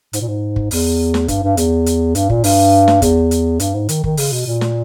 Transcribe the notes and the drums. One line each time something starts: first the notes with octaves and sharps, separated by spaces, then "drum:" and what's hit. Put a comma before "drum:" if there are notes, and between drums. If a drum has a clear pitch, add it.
G#2, drum: hi-hat
A#2
G#2
drum: kick
E2, drum: open hi-hat
drum: snare
G2, drum: kick, hi-hat
G2
E2, drum: hi-hat
drum: hi-hat
G2, drum: hi-hat
A#2, drum: kick
G2, drum: open hi-hat
drum: snare
E2, drum: kick, hi-hat
drum: hi-hat
G2, drum: hi-hat
G#2
D#3, drum: hi-hat
D#3, drum: kick
C#3, drum: open hi-hat
B2
A#2
drum: snare